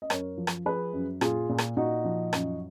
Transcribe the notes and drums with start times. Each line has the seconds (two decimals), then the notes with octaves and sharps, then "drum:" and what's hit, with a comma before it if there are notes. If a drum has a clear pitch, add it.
0.02 D#5
0.10 F#2 A#4 C#5, drum: rim click
0.38 F3
0.47 drum: rim click
0.66 F3 G#4 B4
0.93 F#2
1.21 A#2 F4 G#4, drum: rim click
1.49 A#2
1.58 drum: rim click
1.77 A#2 D#4 F#4
2.04 F3
2.33 F#2, drum: rim click